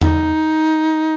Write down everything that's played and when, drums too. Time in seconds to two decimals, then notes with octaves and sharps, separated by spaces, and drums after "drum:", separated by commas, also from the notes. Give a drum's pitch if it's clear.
0.01 D#4, drum: tom E2